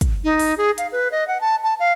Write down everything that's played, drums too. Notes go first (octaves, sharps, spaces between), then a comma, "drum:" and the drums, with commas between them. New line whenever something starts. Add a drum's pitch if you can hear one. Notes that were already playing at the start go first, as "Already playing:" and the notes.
drum: kick, hi-hat
D#4
drum: open hi-hat
G#4
F5, drum: hi-hat
B4
D#5
F#5
A5
A5
F5